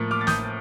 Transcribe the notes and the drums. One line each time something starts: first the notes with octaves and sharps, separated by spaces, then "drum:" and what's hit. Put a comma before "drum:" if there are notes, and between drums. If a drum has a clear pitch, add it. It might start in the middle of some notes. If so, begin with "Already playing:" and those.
Already playing: A2 F3 A#3
D6 F6
A6
D#6 G6, drum: snare